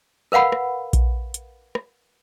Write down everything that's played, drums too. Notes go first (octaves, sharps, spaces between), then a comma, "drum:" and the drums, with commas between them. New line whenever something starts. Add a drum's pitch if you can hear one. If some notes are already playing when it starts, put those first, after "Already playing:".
A#4 B4 F5 F#5 B5
drum: rim click
drum: kick A#1, hi-hat
drum: hi-hat
drum: rim click